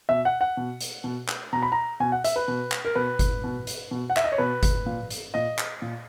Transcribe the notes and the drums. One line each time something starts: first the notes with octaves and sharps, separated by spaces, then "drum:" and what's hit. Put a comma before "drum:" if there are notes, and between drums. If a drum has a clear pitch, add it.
B2 E5
F#5
F#5
B2
drum: hi-hat
B2
drum: clap
B2 A#5
B5
A#5
B2 G#5
F#5
E5, drum: hi-hat
B4
B2
drum: clap
A#4
B2 B4
drum: kick G1, hi-hat
B2
drum: hi-hat
B2
F#5
E5, drum: clap
D#5
C#5
B2 B4
drum: kick G1, hi-hat
A#2
drum: hi-hat
A#2 D#5
drum: clap
A#2